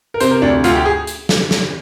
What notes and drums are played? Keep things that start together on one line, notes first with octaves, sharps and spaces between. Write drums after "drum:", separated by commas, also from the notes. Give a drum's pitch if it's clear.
A#4
C3 C5, drum: hi-hat
A#4
D2 D4
D2 F4, drum: hi-hat
G4
G#4
drum: hi-hat
drum: snare
drum: snare